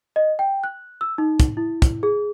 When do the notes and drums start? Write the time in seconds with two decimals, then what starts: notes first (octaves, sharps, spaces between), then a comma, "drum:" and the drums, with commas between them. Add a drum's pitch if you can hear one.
0.16 D#5
0.39 G5
0.64 F#6
1.01 E6
1.18 D#4
1.40 drum: kick, hi-hat
1.57 E4
1.82 drum: kick, hi-hat
2.03 G#4